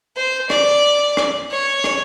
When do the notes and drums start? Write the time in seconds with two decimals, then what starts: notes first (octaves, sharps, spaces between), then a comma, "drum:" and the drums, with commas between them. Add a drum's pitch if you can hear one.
0.17 C5
0.50 D5, drum: rim click
1.17 drum: rim click
1.51 C#5
1.84 drum: rim click